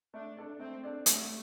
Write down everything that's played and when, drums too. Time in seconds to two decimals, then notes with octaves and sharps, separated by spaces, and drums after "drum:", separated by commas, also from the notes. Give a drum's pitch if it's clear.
0.14 A3 D4
0.37 D4 A4 D5
0.59 A3 C4
0.83 D4 A4 D5
1.06 G3 A3, drum: hi-hat